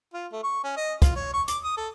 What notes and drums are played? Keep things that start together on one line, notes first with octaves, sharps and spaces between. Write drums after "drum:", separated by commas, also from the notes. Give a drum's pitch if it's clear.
F4
A3
C#6
C#4
D#5
F4, drum: kick, hi-hat
C#5
C#6
D6, drum: hi-hat
D#6
A4